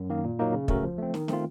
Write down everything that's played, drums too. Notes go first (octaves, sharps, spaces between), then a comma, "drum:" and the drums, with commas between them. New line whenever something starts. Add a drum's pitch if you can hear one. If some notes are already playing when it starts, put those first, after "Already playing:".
Already playing: F#2
D#3 A#3
A#2
F#3 A#3 D#4
C#3
A3 C#4 F#4 A#4, drum: kick
F3
A3 C4
D#3, drum: snare
A3 C4 F4, drum: snare